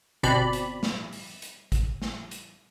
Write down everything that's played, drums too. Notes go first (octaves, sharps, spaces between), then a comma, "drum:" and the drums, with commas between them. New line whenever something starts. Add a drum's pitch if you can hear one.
G1 B2 C4 D5 B5, drum: hi-hat
drum: hi-hat
drum: snare
drum: open hi-hat
drum: hi-hat
drum: kick G#1, hi-hat
drum: snare
drum: hi-hat